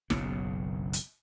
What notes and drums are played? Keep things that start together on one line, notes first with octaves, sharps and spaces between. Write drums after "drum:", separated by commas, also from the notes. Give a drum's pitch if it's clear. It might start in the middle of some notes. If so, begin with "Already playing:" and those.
F#1 B1 C#3, drum: snare
drum: hi-hat